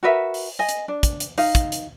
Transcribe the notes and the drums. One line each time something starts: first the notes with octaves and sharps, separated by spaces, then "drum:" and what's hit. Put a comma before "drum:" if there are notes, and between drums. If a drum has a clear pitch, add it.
F#4 A#4 B4 E5
drum: open hi-hat
D#5 G#5
drum: hi-hat
D4
drum: kick, hi-hat
drum: hi-hat
D#4 F5, drum: open hi-hat
drum: kick, hi-hat
drum: hi-hat